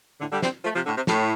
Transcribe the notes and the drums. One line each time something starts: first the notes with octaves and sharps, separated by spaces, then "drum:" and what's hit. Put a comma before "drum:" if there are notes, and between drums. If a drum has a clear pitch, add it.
A2 D3
D3 G3
G3 C4, drum: snare
F3 A3
C3 F3
A2 D3
C3
A2, drum: snare